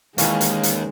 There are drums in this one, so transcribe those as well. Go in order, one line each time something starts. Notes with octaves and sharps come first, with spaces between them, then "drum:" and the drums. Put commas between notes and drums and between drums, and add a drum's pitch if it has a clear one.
D#2 D#3 E3 G#3 C#4 F5, drum: hi-hat
drum: hi-hat
drum: hi-hat